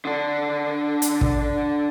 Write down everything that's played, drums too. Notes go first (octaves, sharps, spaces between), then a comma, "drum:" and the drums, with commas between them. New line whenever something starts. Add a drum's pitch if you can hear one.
D3 D4
drum: hi-hat
drum: kick